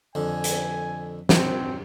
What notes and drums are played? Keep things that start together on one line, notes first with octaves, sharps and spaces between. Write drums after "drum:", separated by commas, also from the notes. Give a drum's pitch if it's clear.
F2 D3 G#5
drum: hi-hat
C4, drum: snare